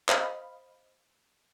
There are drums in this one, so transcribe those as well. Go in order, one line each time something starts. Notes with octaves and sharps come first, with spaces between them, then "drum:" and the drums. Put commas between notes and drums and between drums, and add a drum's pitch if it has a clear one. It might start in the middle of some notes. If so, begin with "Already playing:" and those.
C5 D#5 F5 B5, drum: clap